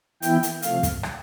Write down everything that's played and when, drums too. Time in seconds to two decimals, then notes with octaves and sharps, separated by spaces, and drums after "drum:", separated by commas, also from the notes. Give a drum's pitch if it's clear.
0.22 E3 B3 E4 G5, drum: hi-hat
0.43 drum: hi-hat
0.62 C3 F3 A3 F5, drum: hi-hat
0.83 drum: kick, hi-hat
1.03 drum: rim click